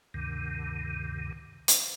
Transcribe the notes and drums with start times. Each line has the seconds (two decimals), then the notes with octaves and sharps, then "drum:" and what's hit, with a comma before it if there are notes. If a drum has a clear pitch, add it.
0.14 D2 G2 C3 D#3
1.68 drum: hi-hat